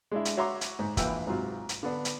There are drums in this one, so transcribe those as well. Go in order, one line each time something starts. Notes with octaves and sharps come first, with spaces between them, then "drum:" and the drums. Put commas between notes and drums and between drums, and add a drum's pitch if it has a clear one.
G#3 D4 E4
drum: hi-hat
F#4 C#5 E5 A#5 C6 D6
drum: hi-hat
G#2
A#1 E3 E4 G5 E6, drum: kick, hi-hat
G#2 C3 F#3 F4
drum: hi-hat
D3 B3 D4
drum: hi-hat